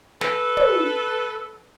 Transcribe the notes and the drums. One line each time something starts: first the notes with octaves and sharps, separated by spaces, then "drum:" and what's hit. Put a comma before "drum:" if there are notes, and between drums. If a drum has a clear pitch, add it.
A4 B4, drum: snare
drum: tom